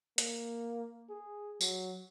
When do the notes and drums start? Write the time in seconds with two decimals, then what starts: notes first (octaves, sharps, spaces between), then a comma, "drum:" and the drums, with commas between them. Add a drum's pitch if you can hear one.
0.18 A#3, drum: hi-hat
1.10 G#4
1.61 F#3, drum: tambourine